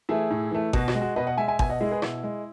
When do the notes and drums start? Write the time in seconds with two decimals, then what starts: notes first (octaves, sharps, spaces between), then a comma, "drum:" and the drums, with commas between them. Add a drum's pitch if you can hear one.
0.09 E3 A3 E4 G#4
0.31 A2
0.51 E3 A3
0.73 B2 F#4, drum: kick G#1
0.88 F#4, drum: rim click
0.95 G#3
1.02 F#4
1.16 B2 B4 D#5
1.27 D#5 F#5
1.37 G#3 E5 G#5
1.48 E5 G#5
1.59 B2 E5 G#5, drum: kick G#1
1.70 D#5 F#5
1.80 G#3 E4 G#4
1.91 G#4 B4
2.02 B2 E4, drum: rim click
2.23 G#3